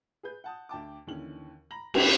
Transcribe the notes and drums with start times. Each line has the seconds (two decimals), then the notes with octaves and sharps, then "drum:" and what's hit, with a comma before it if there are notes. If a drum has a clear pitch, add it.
0.23 G#4 B4 G6
0.44 F#5 A5 D#6
0.69 D2 G5 A5 D6
1.07 D#2 D3 E3 C#4 F#7
1.71 A#5 B5 A#6 F#7
1.94 D2 G2 C#3 F3 A3, drum: cymbal